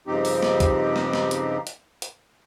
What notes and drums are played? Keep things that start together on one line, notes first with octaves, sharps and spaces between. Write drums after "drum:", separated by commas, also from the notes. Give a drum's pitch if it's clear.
G2 C#3 F3 C4 D#4 G4
drum: open hi-hat
drum: snare
drum: kick B1, hi-hat
drum: snare
drum: snare
drum: hi-hat
drum: hi-hat
drum: hi-hat